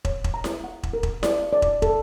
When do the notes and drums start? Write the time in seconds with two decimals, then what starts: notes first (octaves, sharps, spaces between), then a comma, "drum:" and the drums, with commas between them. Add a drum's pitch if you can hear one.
0.05 C#5, drum: kick
0.24 drum: kick
0.34 A#5
0.44 drum: snare E4
0.64 F#5
0.83 drum: kick
0.93 A#4
1.03 drum: kick
1.23 D5, drum: snare E4
1.53 D5
1.62 drum: kick
1.82 A4, drum: kick